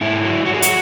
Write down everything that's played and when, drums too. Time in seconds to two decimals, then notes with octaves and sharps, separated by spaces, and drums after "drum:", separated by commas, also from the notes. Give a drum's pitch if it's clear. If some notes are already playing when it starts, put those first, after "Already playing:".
0.01 G#2 E4
0.24 F#3
0.45 F#3 F#4
0.54 G#4
0.62 F#4, drum: hi-hat